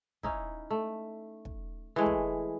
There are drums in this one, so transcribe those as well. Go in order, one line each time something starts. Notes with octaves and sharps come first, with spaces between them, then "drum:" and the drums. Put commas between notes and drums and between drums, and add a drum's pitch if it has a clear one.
C#4 D#4 E4, drum: kick
A3
drum: kick
E3 G#3 A3
drum: kick